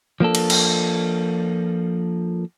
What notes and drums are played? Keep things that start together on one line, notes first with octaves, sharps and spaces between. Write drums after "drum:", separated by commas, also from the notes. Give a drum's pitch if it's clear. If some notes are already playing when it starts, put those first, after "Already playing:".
F3 A#3 D4 A4
drum: cymbal
drum: cymbal